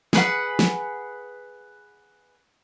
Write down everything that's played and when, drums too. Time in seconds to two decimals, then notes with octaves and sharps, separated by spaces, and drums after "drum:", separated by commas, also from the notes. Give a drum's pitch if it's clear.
0.13 G#4 B4 F#5, drum: snare
0.59 drum: snare